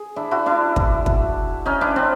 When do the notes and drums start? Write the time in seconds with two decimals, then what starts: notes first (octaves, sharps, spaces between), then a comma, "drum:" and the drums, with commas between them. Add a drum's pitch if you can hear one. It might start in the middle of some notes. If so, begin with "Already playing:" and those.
Already playing: G#4
0.16 D4 E4
0.31 E4 F#4
0.46 D4 E4
0.76 drum: kick
1.06 drum: kick
1.66 C#4 D#4
1.81 D4 E4
1.96 C4 D4